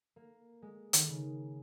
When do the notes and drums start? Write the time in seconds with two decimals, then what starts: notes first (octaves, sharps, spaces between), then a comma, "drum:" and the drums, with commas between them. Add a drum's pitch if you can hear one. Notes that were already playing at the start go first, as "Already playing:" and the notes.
0.16 A#3
0.62 G#3
0.93 D#3, drum: hi-hat
1.08 C#3